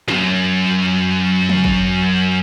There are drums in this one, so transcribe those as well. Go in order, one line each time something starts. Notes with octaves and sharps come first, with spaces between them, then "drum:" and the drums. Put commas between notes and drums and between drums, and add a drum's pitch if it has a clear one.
B1 F#2, drum: snare
drum: tom
drum: kick